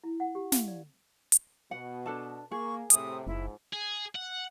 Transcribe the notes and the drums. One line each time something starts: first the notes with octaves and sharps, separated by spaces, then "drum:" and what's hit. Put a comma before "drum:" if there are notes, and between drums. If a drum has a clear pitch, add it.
E4
F#5
G4
F5, drum: snare
D5
drum: hi-hat
B2 F#5
D4 A4 A5
A#3 G#4 C#6
A2 C3 D#6, drum: hi-hat
F#1 G#2 F3 E4
G#4
F#5